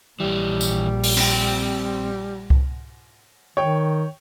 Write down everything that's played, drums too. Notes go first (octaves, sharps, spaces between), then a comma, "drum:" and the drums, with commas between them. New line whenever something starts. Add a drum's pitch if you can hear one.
A#1 E3 G3 G4
drum: tambourine
drum: open hi-hat
C4 G5, drum: cymbal
drum: kick C2
D#3 C#5 G5